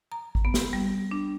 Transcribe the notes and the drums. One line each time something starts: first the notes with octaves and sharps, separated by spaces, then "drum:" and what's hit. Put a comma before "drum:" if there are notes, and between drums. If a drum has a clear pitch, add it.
A#5
drum: kick G#1
B3
drum: snare
G3
D4